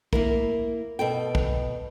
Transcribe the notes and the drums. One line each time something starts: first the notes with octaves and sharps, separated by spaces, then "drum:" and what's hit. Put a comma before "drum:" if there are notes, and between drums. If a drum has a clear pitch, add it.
A#3 E4 A#4, drum: kick
B2 A4 G5
drum: kick